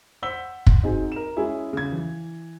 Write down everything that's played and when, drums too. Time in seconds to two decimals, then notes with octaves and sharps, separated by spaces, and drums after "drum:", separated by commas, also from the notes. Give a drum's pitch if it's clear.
0.22 C5 F#5 E6 B6 G7
0.67 drum: kick
0.83 C4 D#4 F#4 G#4
1.12 A#4 E7
1.36 G#3 C#4 E4 G#4
1.73 C#3 G#6
1.92 E3